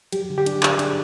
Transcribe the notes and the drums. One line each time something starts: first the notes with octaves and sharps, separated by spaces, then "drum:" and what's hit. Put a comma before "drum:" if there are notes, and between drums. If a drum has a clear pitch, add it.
F#3 G4, drum: cymbal
D3
G4
D4, drum: cymbal
D4 G#4, drum: clap
D4, drum: cymbal